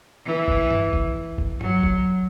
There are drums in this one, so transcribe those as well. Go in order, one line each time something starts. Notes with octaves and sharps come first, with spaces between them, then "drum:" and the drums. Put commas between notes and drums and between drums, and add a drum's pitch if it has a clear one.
E3
drum: kick
drum: tom G2
drum: kick
drum: kick
F#3, drum: tom G2
drum: kick